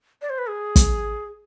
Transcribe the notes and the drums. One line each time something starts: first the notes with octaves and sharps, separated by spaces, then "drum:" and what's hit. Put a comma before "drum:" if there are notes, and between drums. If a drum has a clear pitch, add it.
D5
C5
B4
G#4
drum: kick, hi-hat